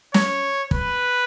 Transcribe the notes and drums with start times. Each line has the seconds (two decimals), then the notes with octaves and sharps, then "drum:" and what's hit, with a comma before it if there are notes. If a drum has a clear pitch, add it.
0.14 C#5, drum: snare
0.71 B4, drum: kick